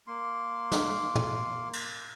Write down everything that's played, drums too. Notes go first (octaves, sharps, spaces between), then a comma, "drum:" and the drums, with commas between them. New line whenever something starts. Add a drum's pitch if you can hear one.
A#3 C6
drum: snare
drum: tom
drum: cymbal